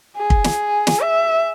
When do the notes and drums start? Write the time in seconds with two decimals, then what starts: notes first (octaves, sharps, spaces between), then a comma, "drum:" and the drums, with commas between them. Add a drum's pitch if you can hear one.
0.17 G#4
0.30 drum: kick
0.44 drum: snare
0.87 drum: snare
1.00 E5